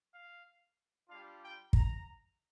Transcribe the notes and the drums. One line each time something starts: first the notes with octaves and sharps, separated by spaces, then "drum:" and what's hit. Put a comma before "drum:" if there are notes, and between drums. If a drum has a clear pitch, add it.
F5
G3 D4 F4 F5
G5
A#5, drum: kick